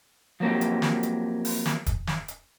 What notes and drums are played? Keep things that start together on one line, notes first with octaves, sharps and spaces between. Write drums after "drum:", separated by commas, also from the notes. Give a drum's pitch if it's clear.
F3 F#3 A#3 C4 G4
drum: hi-hat
drum: snare
drum: hi-hat
drum: open hi-hat
drum: snare
drum: kick, hi-hat
drum: snare
drum: hi-hat